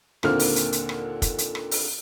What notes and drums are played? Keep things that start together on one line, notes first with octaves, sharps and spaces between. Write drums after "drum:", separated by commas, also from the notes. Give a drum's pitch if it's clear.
D#2 A#2 D3 A#3 C4 F6, drum: rim click
drum: open hi-hat
drum: hi-hat
drum: hi-hat
drum: rim click
drum: kick, hi-hat
drum: hi-hat
drum: rim click
drum: open hi-hat